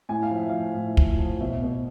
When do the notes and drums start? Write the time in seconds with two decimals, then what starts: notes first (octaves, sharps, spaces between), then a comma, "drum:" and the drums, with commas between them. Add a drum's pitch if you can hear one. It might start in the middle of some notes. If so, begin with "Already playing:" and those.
0.09 A2 G#5
0.23 F5
0.31 F3 E5
0.49 F3 F5
0.75 A2
0.97 F3, drum: kick
1.19 F3
1.40 B2 E5
1.62 B2